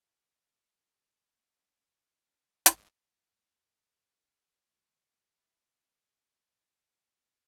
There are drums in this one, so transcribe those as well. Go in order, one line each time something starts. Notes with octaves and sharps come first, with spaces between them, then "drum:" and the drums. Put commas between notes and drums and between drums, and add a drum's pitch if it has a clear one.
A#3 F5
F3 G3 C#4 E5 A5
D4 D#4 F4 A#4 C5 D5
drum: hi-hat
F2 A#2 G#3 A#3
G#2
G#1 D#2 D4
D3 F3 G#3 A#3
E4 F4 G4